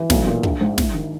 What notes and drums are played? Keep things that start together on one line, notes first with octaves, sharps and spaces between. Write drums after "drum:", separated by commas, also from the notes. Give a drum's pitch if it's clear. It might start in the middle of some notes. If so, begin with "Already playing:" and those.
Already playing: E3
B1, drum: snare
A#2
A#1, drum: kick
G#2
E4, drum: snare
D#3